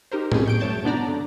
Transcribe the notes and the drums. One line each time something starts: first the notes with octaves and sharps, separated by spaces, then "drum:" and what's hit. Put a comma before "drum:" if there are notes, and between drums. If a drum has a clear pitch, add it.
D#4 G4 A#4 C5
G#3 A#3 C4 C#4 G4 G#4, drum: tom A2
C#6 G6 D7
G2 F#3 A3 C#5 A5 G6
C3 B3 D4 D5 A#5
D3